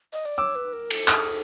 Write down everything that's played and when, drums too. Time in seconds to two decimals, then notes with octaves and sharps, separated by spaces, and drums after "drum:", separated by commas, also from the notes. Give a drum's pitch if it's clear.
0.13 D#5
0.26 D5
0.38 C#5 D6 E6
0.55 B4
0.73 A#4
0.90 A4, drum: cymbal
1.08 D#6 F6, drum: clap